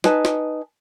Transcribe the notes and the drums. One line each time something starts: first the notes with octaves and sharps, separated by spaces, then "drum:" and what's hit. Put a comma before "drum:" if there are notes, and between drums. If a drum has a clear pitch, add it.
D#4 B4 G#5 A5, drum: snare
drum: snare